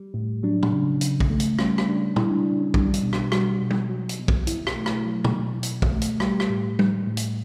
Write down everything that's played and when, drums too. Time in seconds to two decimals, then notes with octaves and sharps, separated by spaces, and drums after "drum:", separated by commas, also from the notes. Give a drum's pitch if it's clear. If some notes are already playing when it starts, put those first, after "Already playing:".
Already playing: G3
0.14 A2
0.43 F#3 D4
0.63 drum: tom
0.72 C#3
1.01 C#3, drum: hi-hat
1.20 drum: kick
1.30 A3
1.40 drum: hi-hat
1.59 G3 C#4, drum: rim click
1.78 drum: rim click
1.88 C#3 D4
2.16 G3 E4, drum: tom
2.31 D4
2.45 C#3 D4
2.60 C#4
2.74 G3 D4, drum: kick
2.94 drum: hi-hat
3.03 B2
3.13 drum: rim click
3.32 G3 F#4, drum: rim click
3.62 B2
3.71 drum: tom
3.90 F#3
4.09 drum: hi-hat
4.19 B2
4.28 drum: kick
4.47 B2 E4, drum: hi-hat
4.67 drum: rim click
4.76 A3
4.86 drum: rim click
5.05 F#3
5.25 drum: tom
5.34 B2
5.63 B2, drum: hi-hat
5.82 drum: kick
5.92 A3
6.01 drum: hi-hat
6.20 G3 G4, drum: rim click
6.40 drum: rim click
6.50 A2
6.79 G3, drum: tom
7.07 A2
7.17 drum: hi-hat